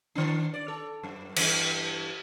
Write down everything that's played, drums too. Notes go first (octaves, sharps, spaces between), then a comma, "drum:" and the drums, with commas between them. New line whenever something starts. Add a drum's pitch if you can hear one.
D#3 D4
D5
A4
F#2
G2 E3, drum: cymbal